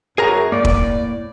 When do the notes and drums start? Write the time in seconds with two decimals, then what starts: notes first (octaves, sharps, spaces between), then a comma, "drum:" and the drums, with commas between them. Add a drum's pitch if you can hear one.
0.18 F#2 F#4 G#4 A#4 A#5
0.52 A2 A#3 D5
0.65 drum: kick